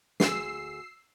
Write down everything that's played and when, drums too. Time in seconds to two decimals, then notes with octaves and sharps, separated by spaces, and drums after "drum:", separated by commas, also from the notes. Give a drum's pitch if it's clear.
0.20 D2 G#4 E6 C7, drum: snare